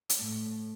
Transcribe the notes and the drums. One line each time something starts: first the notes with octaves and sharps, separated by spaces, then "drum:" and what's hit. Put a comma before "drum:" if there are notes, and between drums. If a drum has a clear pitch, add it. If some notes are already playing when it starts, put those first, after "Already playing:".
drum: hi-hat
A2